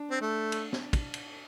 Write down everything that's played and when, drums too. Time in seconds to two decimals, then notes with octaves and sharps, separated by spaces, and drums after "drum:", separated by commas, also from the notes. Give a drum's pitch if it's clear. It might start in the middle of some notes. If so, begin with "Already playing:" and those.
Already playing: D4
0.10 C4
0.21 A3
0.52 drum: cymbal
0.73 drum: snare
0.93 drum: kick, cymbal
1.14 drum: cymbal